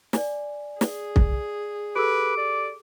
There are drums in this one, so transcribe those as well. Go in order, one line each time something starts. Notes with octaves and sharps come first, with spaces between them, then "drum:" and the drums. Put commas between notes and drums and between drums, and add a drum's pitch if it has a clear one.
D5 G#5, drum: snare
G#4, drum: snare
drum: kick
G4 A4 B4 D6 E6
D5